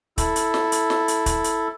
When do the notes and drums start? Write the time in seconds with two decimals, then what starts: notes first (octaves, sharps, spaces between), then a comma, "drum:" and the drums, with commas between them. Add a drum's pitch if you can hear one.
0.18 E4 A4, drum: kick, hi-hat
0.36 drum: hi-hat
0.54 drum: snare
0.72 drum: hi-hat
0.90 drum: snare
1.08 drum: hi-hat
1.26 drum: kick, hi-hat
1.44 drum: hi-hat